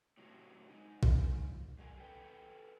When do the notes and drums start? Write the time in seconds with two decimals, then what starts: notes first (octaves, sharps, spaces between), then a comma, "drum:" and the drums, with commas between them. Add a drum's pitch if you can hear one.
0.17 A2 C3 F#3
0.70 G#3 D#4
1.03 drum: kick A#1
1.79 F#3 G#4 A#4 F#5 G#5
1.98 G#4 A4 B4 G5